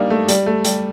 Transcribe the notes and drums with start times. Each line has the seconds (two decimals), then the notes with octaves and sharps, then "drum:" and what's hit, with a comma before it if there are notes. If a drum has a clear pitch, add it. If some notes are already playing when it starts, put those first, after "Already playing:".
Already playing: G3 A#3 D4 D#4
0.10 A3
0.28 G3, drum: hi-hat
0.46 A3
0.64 G3, drum: hi-hat